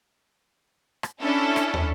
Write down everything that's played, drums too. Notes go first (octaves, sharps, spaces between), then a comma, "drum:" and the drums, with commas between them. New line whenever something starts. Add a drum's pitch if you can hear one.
drum: rim click
C#4 D4 E4 A4
drum: rim click
drum: tom